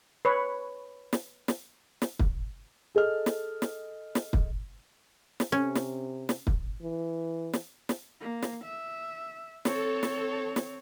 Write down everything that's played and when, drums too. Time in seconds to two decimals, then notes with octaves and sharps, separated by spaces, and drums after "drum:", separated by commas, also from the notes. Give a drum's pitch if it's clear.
0.25 B4 C#5
1.13 drum: snare
1.48 drum: snare
2.02 drum: snare
2.19 drum: kick
2.95 G#4 A4 D#5 F6
3.26 drum: snare
3.62 drum: snare
4.15 drum: snare
4.33 drum: kick
5.40 drum: snare
5.52 C3 C#4
5.75 drum: snare
6.29 drum: snare
6.47 drum: kick
6.82 E3
7.53 drum: snare
7.89 drum: snare
8.20 A#3
8.42 drum: snare
8.64 E5
9.65 C4 A4 C#5, drum: snare
10.03 drum: snare
10.56 drum: snare